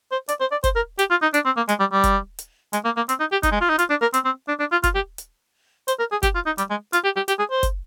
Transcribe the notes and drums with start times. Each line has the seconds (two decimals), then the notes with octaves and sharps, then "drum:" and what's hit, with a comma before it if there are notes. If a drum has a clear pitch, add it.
0.12 C5
0.29 D5, drum: hi-hat
0.41 C5
0.52 D5
0.64 C5, drum: kick, hi-hat
0.76 A#4
0.99 G4, drum: hi-hat
1.10 F4
1.22 D#4
1.34 D4, drum: hi-hat
1.45 C4
1.57 A#3
1.69 G#3, drum: hi-hat
1.80 G3
1.92 G3
2.04 drum: kick, hi-hat
2.39 drum: hi-hat
2.73 G#3, drum: hi-hat
2.85 A#3
2.97 A#3
3.09 C4, drum: hi-hat
3.20 D#4
3.32 G4
3.43 D#4, drum: kick, hi-hat
3.52 G#3
3.61 F4
3.70 D#4
3.79 F4, drum: hi-hat
3.90 D4
4.02 A#4
4.14 C4, drum: hi-hat
4.25 C4
4.48 D4
4.59 D4
4.72 F4
4.84 F4, drum: kick, hi-hat
4.95 G4
5.18 drum: hi-hat
5.88 C5, drum: hi-hat
5.99 A#4
6.12 G#4
6.23 G4, drum: kick, hi-hat
6.35 F4
6.46 D#4
6.58 G3, drum: hi-hat
6.70 G#3
6.93 F4, drum: hi-hat
7.04 G4
7.16 G4
7.28 G4, drum: hi-hat
7.39 G#4
7.51 C5
7.63 drum: kick, hi-hat